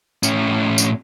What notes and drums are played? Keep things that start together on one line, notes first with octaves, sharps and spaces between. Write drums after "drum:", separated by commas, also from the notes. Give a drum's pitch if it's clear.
A2 C#4, drum: tambourine
drum: tambourine